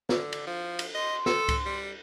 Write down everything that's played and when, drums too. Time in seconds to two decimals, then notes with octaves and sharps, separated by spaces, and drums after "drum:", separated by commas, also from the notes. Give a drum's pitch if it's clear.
0.09 D3, drum: snare
0.33 drum: cymbal
0.47 F3
0.79 drum: cymbal
0.95 D#5 C6
1.26 A4, drum: snare
1.49 drum: kick C#2, cymbal
1.66 G3